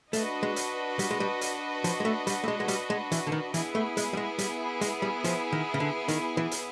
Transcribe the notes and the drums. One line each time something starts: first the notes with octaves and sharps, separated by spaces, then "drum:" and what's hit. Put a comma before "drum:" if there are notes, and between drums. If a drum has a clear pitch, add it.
A3 D4 F#4 B4 D#5, drum: hi-hat
G#3
drum: hi-hat
G3, drum: hi-hat
G#3
G3
drum: hi-hat
F3, drum: hi-hat
G#3
A3
G3, drum: hi-hat
A3
G#3
G#3
G3, drum: hi-hat
G#3
E3, drum: hi-hat
D3
D#3
E3 B3 E4 G#4, drum: hi-hat
A3
G#3, drum: hi-hat
G3
G#3
G3, drum: hi-hat
G#3, drum: hi-hat
G3
F3, drum: hi-hat
D#3
C#3
D3
D#3, drum: hi-hat
E3
drum: hi-hat